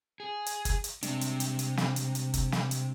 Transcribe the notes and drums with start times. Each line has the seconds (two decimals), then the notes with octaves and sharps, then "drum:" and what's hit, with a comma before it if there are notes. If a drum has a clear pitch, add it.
0.20 G#4
0.46 drum: hi-hat
0.65 drum: kick, hi-hat
0.84 drum: hi-hat
1.03 C3 G3 G#3 D4, drum: hi-hat
1.21 drum: hi-hat
1.40 drum: hi-hat
1.59 drum: hi-hat
1.77 drum: snare
1.96 drum: hi-hat
2.15 drum: hi-hat
2.34 drum: kick, hi-hat
2.52 drum: snare
2.71 drum: hi-hat